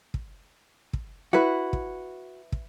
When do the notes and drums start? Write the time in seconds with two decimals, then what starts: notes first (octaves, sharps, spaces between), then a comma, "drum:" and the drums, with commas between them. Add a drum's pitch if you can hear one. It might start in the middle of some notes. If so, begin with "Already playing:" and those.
0.14 drum: kick
0.93 drum: kick
1.33 E4 F#4 B4
1.73 drum: kick
2.52 drum: kick